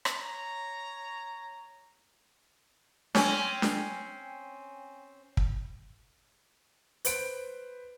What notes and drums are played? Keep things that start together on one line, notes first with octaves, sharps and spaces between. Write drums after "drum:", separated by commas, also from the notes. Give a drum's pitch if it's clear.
drum: rim click
C#5 A#5
C4 C#4, drum: snare D4
drum: snare D4
drum: kick
B4 C5 D7, drum: hi-hat